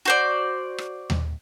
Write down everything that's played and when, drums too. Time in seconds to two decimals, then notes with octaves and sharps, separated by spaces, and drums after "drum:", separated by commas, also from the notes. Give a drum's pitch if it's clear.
0.05 F#4 C5 D5
0.78 drum: rim click
1.10 drum: tom D#2